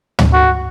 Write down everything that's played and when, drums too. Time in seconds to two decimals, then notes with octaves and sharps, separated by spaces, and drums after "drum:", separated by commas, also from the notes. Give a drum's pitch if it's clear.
0.19 drum: tom
0.33 F#4